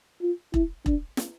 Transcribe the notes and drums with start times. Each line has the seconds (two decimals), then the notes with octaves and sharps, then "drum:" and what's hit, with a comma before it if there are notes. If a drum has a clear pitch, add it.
0.22 F4
0.54 E4, drum: kick E1
0.86 D4, drum: kick E1
1.17 drum: snare